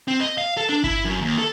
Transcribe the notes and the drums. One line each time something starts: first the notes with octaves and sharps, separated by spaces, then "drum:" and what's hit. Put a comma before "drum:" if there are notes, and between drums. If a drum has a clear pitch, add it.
C4
D#5
F5
A4
D4
E4, drum: kick G1
F#2
D#2
A4